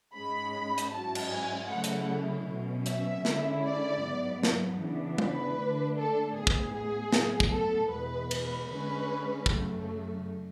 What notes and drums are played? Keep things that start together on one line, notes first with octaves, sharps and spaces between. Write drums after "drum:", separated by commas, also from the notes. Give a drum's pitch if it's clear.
G#2 G#3 C#4 B5
drum: hi-hat
G#2 F#3 C#4 E4 A5
drum: cymbal
G#5
C#3 F#3 A3 C#4 E4 F#5
drum: hi-hat
B2 F#3 C#4
E5, drum: hi-hat
D3 G#3 C#4 E4, drum: snare
D5
G#2 F#3 B3
drum: snare
C#3 E3 B3 D4
B4, drum: tom G#3
D3 A3 D4
A4
A2 G#3 B3 G#4
drum: kick
G#4
A2 F#3 B3, drum: snare
drum: kick
A4
E2 B2 G#3 B4
drum: cymbal
D3 G#3 C#4 B4
F#2 C#3 F#3 A3, drum: kick